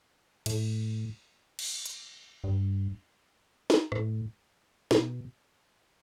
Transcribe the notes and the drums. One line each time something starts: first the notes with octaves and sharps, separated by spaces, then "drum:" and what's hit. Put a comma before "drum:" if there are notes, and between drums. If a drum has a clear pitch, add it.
A2, drum: cymbal
drum: cymbal
drum: hi-hat
G2
drum: snare
A2, drum: rim click
B2, drum: snare